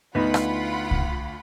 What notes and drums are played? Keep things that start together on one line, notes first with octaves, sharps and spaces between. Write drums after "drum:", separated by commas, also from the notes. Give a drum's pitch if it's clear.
D2 B3 D#4 F4 F#5 B5
drum: rim click
drum: kick C2